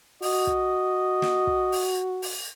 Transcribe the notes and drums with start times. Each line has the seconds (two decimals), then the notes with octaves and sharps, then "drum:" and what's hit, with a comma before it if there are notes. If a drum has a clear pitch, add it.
0.22 F#4 D#5, drum: open hi-hat
0.47 drum: kick
1.22 drum: snare
1.47 drum: kick
1.72 drum: open hi-hat
2.22 drum: open hi-hat